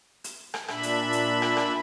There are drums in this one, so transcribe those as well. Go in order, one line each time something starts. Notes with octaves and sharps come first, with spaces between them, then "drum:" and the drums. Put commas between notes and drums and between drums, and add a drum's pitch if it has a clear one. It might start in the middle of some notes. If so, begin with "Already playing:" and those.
drum: hi-hat
drum: rim click
A#2 D4 E5 B5, drum: rim click
drum: hi-hat
drum: hi-hat
drum: rim click
drum: rim click